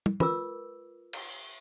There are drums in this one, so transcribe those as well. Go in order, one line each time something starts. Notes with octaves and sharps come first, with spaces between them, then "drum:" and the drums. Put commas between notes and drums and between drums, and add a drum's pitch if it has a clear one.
drum: tom
F4 A#4 B4 D6 E6, drum: tom
drum: cymbal